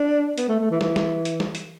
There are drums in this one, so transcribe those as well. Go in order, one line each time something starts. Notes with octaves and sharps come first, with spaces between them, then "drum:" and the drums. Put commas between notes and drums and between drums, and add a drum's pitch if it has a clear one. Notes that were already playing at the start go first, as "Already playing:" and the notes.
Already playing: D4
B3, drum: hi-hat
A3
A3
E3
E3, drum: snare
drum: snare
drum: hi-hat
drum: snare
drum: hi-hat